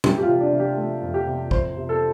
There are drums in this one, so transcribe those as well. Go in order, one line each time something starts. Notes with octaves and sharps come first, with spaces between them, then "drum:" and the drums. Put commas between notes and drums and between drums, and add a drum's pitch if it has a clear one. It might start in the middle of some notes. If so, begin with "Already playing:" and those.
A3 G4, drum: tom
G4
F4
C3
D4
C3
G4
A3
F2
G4
C3
F2 C5, drum: kick
C3
A4